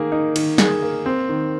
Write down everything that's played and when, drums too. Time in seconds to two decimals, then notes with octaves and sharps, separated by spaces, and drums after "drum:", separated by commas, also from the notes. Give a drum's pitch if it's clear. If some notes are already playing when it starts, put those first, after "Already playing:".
Already playing: D#3 A#3 G#4
0.12 D#4
0.36 D#3, drum: cymbal
0.58 G#4, drum: snare
0.82 A#3
1.06 C4
1.29 D#3